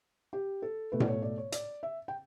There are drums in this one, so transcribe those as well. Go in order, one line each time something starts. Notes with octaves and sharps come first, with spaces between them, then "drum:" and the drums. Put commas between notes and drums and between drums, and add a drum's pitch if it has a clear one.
G4
A4
B2 A3 B4
D5, drum: tom A2
C#5
D5
C#5
D5, drum: hi-hat
E5
G5